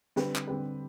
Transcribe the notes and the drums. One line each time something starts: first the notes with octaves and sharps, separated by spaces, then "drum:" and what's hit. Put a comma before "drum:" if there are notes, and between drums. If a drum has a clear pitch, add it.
D3 G3 C4 G4 B4, drum: snare
drum: clap
D3 G3 C4 G4 B4